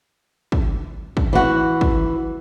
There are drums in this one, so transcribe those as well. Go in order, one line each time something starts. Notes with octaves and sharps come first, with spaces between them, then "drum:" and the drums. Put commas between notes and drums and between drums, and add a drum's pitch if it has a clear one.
drum: kick
drum: kick
E3 F#4
drum: kick